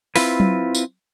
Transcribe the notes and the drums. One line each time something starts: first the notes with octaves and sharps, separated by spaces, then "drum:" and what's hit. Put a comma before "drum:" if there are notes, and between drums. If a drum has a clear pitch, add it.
C4 E4 F4 B4, drum: open hi-hat
drum: tom F#3
drum: tambourine